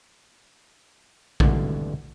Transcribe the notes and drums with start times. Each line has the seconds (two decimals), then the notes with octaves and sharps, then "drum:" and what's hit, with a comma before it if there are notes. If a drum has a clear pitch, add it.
1.40 G#1 D2 G2 B2 D3 E3, drum: kick A#1